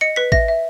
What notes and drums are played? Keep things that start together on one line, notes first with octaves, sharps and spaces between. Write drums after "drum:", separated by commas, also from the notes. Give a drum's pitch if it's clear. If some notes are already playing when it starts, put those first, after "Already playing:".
D#5 C#7
B4 B6
E5 A#6, drum: kick
E5